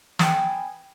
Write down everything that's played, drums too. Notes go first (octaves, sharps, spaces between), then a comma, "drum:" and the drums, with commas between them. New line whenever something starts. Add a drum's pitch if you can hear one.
B3 G5 G#5, drum: snare